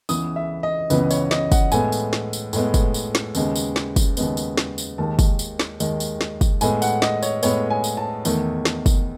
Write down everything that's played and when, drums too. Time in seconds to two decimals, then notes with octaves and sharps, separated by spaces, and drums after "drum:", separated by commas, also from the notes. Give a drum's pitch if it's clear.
0.09 C#2 C#3 E3 B3 D#6, drum: tambourine
0.36 E5
0.63 D#5
0.90 C#2 C#3 E3 B3 B4, drum: tambourine
1.11 C#5, drum: tambourine
1.31 D#5, drum: snare
1.52 F#5, drum: kick, tambourine
1.72 A2 G#3 B3 G#5, drum: tambourine
1.92 drum: tambourine
2.13 drum: snare
2.33 drum: tambourine
2.53 A2 G#3 B3, drum: tambourine
2.74 drum: kick, tambourine
2.94 drum: tambourine
3.15 drum: snare
3.35 D#2 C#3 G#3 B3, drum: tambourine
3.56 drum: tambourine
3.76 drum: snare
3.96 drum: kick, tambourine
4.17 D#2 C#3 G#3 B3, drum: tambourine
4.37 drum: tambourine
4.57 drum: snare
4.78 drum: tambourine
4.98 D#2 D#3 G#3 A5
5.19 drum: kick, tambourine
5.39 drum: tambourine
5.59 drum: snare
5.80 D#2 D#3 G#3, drum: tambourine
6.00 drum: tambourine
6.21 drum: snare
6.41 drum: kick, tambourine
6.61 A2 G#3 B3 G#5, drum: tambourine
6.82 F#5, drum: tambourine
7.02 D#5, drum: snare
7.23 C#5, drum: tambourine
7.43 A2 G#3 B3 C#5, drum: tambourine
7.70 G#5
7.84 drum: tambourine
7.97 A5
8.25 E2 D#3 A3, drum: tambourine
8.65 drum: snare
8.86 drum: kick, tambourine